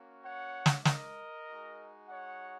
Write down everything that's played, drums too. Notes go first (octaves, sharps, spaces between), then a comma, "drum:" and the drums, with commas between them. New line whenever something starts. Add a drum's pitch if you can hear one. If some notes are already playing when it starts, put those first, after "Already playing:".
Already playing: A#3 C#4 F#4
C#5 F#5
drum: snare
A#4 D#5, drum: snare
G#3 D#4 F#4
C#5 F#5